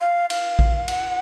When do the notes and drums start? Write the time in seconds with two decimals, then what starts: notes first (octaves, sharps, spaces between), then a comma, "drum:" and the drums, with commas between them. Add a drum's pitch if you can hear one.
0.01 F5
0.30 F5, drum: cymbal
0.59 drum: kick A#1
0.88 F#5, drum: cymbal